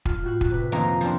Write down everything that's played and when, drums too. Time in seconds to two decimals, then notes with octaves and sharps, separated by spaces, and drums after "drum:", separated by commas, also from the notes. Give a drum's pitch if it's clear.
0.05 F4, drum: kick
0.24 A2 F#4 F#6
0.41 drum: kick
0.51 C3 B4
0.72 D#1 F2 A#3 D#4 A#5 C6
1.01 F3 C4 D4